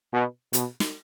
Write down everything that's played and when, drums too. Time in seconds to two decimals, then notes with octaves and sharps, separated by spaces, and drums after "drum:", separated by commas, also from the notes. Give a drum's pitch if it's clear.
0.13 B2
0.53 B2, drum: hi-hat
0.80 drum: snare